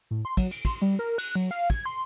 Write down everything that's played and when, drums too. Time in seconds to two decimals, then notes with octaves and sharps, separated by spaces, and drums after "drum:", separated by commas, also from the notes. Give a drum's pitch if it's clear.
0.11 A2
0.25 C6
0.37 F#3, drum: kick, cymbal
0.51 D7, drum: cymbal
0.65 C6, drum: kick, cymbal
0.82 G3
0.99 A#4
1.18 F#6, drum: cymbal
1.35 F#3
1.51 F5
1.70 G#6, drum: kick
1.86 C6